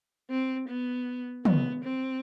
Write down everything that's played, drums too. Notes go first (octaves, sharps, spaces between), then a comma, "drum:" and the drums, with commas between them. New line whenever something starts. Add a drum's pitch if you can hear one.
C4
B3
B3, drum: tom
C4